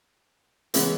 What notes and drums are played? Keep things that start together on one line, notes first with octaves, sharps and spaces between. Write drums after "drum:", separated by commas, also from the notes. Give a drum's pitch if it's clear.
C#3 E3 G#3 B3, drum: hi-hat